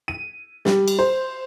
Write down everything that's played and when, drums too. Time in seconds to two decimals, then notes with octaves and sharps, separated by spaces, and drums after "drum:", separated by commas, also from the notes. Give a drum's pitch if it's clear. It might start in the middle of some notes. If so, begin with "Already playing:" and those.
0.08 D#7
0.65 G3, drum: snare
0.88 drum: cymbal
0.99 C5